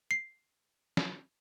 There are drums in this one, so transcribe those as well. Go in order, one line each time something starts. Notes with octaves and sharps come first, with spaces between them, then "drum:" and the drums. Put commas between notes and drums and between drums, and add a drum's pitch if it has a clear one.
C7
drum: snare